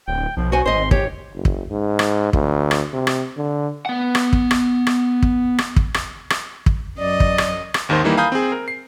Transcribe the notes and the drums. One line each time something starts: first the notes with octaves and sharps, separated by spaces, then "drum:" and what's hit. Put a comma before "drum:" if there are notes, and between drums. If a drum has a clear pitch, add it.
D1 G5
B1 F3
F#4 C5 G#5 C#6
G#1 C5 D#5 C6
G4 C#5, drum: kick
F#1
drum: kick
G#2
drum: rim click
D2, drum: kick
drum: rim click
C3
drum: rim click
D3
B3 F#5
drum: rim click
drum: kick
drum: rim click
drum: rim click
drum: kick
drum: rim click
drum: kick
drum: rim click
drum: rim click
drum: kick
F#2 D5 D#5
drum: kick
drum: rim click
drum: rim click
G#1 D#2 D#3 D#4 C5
D#3 E3 G3 A#3 D#4 E4
F5 G#5 A#5 B5 D#6 G6
C4 G#4
A#4
C7